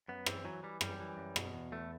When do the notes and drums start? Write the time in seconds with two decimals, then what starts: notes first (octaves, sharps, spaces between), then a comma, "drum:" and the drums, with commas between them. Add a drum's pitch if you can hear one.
0.08 F#2 B3
0.26 E3 C4, drum: rim click
0.44 E3 F#3
0.63 E3 G3
0.81 F#2 G3, drum: rim click
1.00 E3
1.17 F#2
1.36 B2, drum: rim click
1.53 E2
1.72 E2 A3